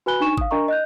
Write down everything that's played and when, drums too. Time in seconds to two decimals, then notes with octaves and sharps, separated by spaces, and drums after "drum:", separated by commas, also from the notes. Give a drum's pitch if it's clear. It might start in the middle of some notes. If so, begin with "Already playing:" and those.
0.06 F#4 B4 G#5 B5 F#6 G7
0.20 D4 D#4 G#5 C#6 E7
0.37 F5 D#6, drum: kick
0.51 D4 A#4 D#5 A#5 C#6
0.68 D#5 F#6 G6